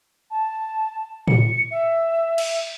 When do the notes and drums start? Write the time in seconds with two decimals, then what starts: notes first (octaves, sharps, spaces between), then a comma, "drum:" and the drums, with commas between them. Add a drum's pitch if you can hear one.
0.31 A5
1.28 C#7, drum: tom A2
1.71 E5
2.38 drum: cymbal